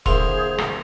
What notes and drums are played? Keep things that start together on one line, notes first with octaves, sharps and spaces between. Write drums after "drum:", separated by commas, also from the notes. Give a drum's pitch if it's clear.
D3 A#3 E4 G#4 C5 C6 F7, drum: kick E1
drum: rim click